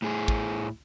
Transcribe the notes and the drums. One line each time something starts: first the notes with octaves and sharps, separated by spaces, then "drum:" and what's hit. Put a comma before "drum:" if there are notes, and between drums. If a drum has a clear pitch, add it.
A2 G#4
drum: kick